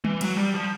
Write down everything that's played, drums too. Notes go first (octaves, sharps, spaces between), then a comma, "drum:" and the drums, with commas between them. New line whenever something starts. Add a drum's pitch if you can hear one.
E3, drum: tom G3
F#3, drum: cymbal
G3
F3